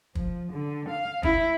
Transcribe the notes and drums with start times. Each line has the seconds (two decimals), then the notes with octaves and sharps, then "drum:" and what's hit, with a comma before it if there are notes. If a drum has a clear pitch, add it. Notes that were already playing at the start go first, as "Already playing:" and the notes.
0.15 F3, drum: kick
0.53 D3
0.89 F5
1.23 E4, drum: kick